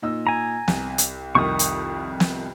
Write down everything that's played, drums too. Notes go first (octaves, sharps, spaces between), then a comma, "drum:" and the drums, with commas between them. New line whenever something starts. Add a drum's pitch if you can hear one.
A#2 D#4 E6
G#5 A#5
C2, drum: snare
drum: hi-hat
C2 F2 D#3 C#6 D#6
drum: hi-hat
drum: snare